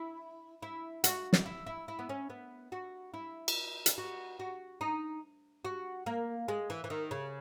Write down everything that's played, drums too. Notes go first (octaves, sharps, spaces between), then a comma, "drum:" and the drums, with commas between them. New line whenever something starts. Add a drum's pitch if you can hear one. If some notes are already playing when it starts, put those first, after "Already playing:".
Already playing: E4
E4
F#4, drum: hi-hat
drum: snare
E4
E4
E4
B3
C#4
B3
F#4
E4
drum: cymbal
drum: hi-hat
F#4
F#4
D#4
F#4
A#3
G#3
E3
E3
D#3
C#3